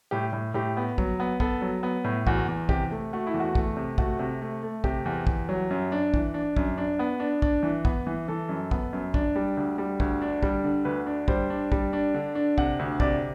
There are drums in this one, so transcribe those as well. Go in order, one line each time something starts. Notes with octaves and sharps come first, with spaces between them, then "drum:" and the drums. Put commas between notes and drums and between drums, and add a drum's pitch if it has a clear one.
A2 G4
A2
A2 G4
B3
F#3, drum: kick
B3
B3 A4, drum: kick
F#3
B3
A2
E2 F#4, drum: kick
E2
C3 G4, drum: kick
A3
A3 F#4
E4
E2
F#4
A3, drum: kick
C3
A3 F#4, drum: kick
C3
A3
A3
C3 G4, drum: kick
E2
E2, drum: kick
F#3
F#2
D4
E3, drum: kick
D4
F#2, drum: kick
D4
B3
D4
D4, drum: kick
E3
B3, drum: kick
E3
E3 A4
F#2
B3, drum: kick
F#2
D4, drum: kick
G3
D2
G3
D2, drum: kick
D4
G3, drum: kick
D3
D2 B4
D4
G3 C5, drum: kick
D4
G3, drum: kick
D4
D3
D4
C3 F#5, drum: kick
D2
C3 D5, drum: kick